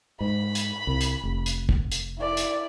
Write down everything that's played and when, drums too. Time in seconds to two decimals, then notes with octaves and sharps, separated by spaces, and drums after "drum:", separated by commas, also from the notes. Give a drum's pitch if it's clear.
0.21 G#2 B5
0.55 drum: hi-hat
0.87 C2
1.01 drum: hi-hat
1.23 F1
1.46 drum: hi-hat
1.69 drum: kick
1.92 drum: hi-hat
2.19 E4 D5
2.37 drum: hi-hat